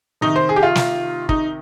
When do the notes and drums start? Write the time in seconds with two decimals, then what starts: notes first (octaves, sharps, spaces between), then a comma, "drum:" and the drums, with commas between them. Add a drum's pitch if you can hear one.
0.21 C3 D#3 D#4
0.36 C5
0.49 G#4
0.56 G4
0.63 F4
0.75 drum: snare
1.29 D#4, drum: kick